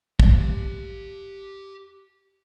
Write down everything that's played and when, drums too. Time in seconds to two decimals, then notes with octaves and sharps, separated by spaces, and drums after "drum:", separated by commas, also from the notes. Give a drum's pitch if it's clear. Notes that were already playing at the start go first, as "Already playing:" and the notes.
0.20 G4 F5, drum: kick